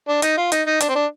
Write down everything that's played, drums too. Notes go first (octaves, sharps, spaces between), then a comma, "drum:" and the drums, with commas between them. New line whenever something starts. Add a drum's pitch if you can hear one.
D4
D#4, drum: hi-hat
F4
D#4, drum: hi-hat
D#4
D4, drum: hi-hat
C4
D4